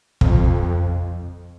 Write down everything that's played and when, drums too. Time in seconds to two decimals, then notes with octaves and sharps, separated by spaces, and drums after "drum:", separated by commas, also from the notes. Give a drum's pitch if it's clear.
0.21 F2, drum: kick